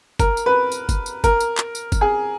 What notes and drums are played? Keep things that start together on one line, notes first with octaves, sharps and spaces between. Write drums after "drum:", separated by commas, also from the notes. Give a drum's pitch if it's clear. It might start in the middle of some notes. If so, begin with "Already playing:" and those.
A#4, drum: kick, tambourine
drum: tambourine
B4
drum: tambourine
drum: kick, tambourine
drum: tambourine
A#4, drum: kick, tambourine
drum: tambourine
drum: clap
drum: tambourine
drum: kick, tambourine
G#4